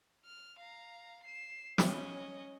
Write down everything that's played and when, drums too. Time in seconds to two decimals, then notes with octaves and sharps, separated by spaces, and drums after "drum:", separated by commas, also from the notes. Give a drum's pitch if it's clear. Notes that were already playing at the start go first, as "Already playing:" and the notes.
0.25 F6
0.58 F5 A#5
1.23 C7 E7
1.78 C#4 D#5, drum: snare